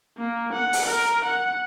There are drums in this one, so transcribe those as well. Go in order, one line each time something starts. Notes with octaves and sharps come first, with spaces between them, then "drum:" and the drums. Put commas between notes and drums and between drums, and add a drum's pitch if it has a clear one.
A#3
F#5
drum: open hi-hat
A#4
F#5